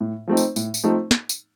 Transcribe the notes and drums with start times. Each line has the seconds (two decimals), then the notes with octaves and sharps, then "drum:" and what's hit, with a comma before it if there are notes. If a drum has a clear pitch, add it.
0.01 A2
0.27 F3 A3 C4 D#4
0.37 drum: tambourine
0.56 A2, drum: tambourine
0.74 drum: tambourine
0.84 F3 A3 C4 D#4
1.11 drum: snare
1.29 drum: tambourine